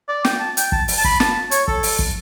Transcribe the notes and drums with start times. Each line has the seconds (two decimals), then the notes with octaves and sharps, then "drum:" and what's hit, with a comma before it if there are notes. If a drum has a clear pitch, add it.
0.09 D5
0.24 G5, drum: snare
0.40 A5
0.57 G5, drum: hi-hat
0.72 A5, drum: kick
0.88 drum: open hi-hat
0.98 A5
1.04 B5, drum: kick
1.20 A5, drum: snare
1.51 C#5, drum: hi-hat
1.68 A4, drum: kick
1.83 drum: open hi-hat
1.99 drum: kick